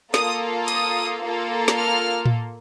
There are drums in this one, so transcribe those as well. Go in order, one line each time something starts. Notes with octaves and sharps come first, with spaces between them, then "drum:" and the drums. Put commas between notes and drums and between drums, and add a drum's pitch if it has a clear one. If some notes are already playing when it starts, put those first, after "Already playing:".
A#3 F4 A4 D#6, drum: snare
D#6, drum: hi-hat
A#3 F4 A4
drum: snare
F6
drum: tom A2